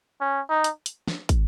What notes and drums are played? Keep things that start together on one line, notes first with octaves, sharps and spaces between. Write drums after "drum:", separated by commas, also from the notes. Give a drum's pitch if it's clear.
C#4
D#4
drum: hi-hat
drum: hi-hat
drum: snare
drum: kick, hi-hat